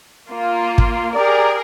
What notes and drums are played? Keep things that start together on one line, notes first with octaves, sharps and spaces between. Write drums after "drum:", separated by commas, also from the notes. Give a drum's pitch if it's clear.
A#3 F4
drum: kick
G4 G#4 A#4 D5